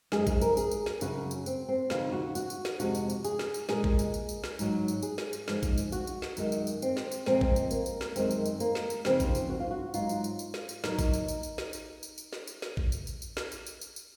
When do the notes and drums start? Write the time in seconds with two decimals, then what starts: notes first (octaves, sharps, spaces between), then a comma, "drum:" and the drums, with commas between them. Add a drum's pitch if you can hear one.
0.12 F#2 F3 G#3 G#4, drum: snare
0.27 G#4, drum: kick A1, tambourine
0.41 A#4, drum: tambourine
0.57 G#4, drum: tambourine
0.71 drum: tambourine
0.86 drum: snare
1.01 F#2 C#3 F#3 F#4, drum: tambourine
1.31 drum: tambourine
1.46 C4, drum: tambourine
1.68 C4
1.90 D#2 C#3 F3 F4, drum: snare
2.12 F#4
2.35 F#4, drum: tambourine
2.50 drum: tambourine
2.65 drum: snare
2.80 F2 C3 F3 G#3 F#4, drum: tambourine
2.95 drum: tambourine
3.10 drum: tambourine
3.24 G#4, drum: tambourine
3.39 drum: snare
3.54 drum: tambourine
3.69 A#2 G#3 G#4, drum: snare
3.84 drum: kick A1
3.99 drum: tambourine
4.14 drum: tambourine
4.29 drum: tambourine
4.44 drum: snare
4.59 G#2 F#3, drum: tambourine
4.88 drum: tambourine
5.03 G#4, drum: tambourine
5.18 drum: snare
5.33 drum: tambourine
5.48 G#2 F3 G#3, drum: snare
5.63 drum: kick A1, tambourine
5.78 drum: tambourine
5.92 F#4, drum: tambourine
6.07 drum: tambourine
6.22 drum: snare
6.37 F#2 D#3 G#3, drum: tambourine
6.52 drum: tambourine
6.67 drum: tambourine
6.82 C4, drum: tambourine
6.97 drum: snare
7.12 drum: tambourine
7.26 A#2 F3 G#3 C4, drum: snare
7.41 drum: kick A1
7.56 drum: tambourine
7.71 A#3, drum: tambourine
7.86 drum: tambourine
8.01 drum: snare
8.16 F#2 D#3 G#3 C4, drum: tambourine
8.31 drum: tambourine
8.46 drum: tambourine
8.60 A#3, drum: tambourine
8.75 drum: snare
8.90 drum: tambourine
9.05 D#2 C#3 F3 C4, drum: snare
9.20 drum: kick A1, tambourine
9.35 drum: tambourine
9.49 F#4
9.60 F4
9.71 F#4
9.94 G#2 F#3 F4, drum: tambourine
10.09 drum: tambourine
10.24 drum: tambourine
10.39 drum: tambourine
10.54 drum: snare
10.69 drum: tambourine
10.84 A#2 F#3 D#4, drum: snare
10.99 drum: kick A1, tambourine
11.13 drum: tambourine
11.28 drum: tambourine
11.43 drum: tambourine
11.58 drum: snare
11.73 drum: tambourine
12.03 drum: tambourine
12.18 drum: tambourine
12.33 drum: snare
12.47 drum: tambourine
12.62 drum: snare
12.77 drum: kick A1
12.92 drum: tambourine
13.07 drum: tambourine
13.22 drum: tambourine
13.37 drum: snare
13.52 drum: tambourine
13.67 drum: tambourine
13.81 drum: tambourine
13.96 drum: tambourine